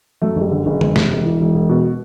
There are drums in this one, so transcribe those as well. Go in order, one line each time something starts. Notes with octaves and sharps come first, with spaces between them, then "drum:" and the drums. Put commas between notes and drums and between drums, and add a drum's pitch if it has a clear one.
F#2 A3
F#1 G3
D3
F#1
E1, drum: tom
C3, drum: snare
E1
E3
E1
E1
B2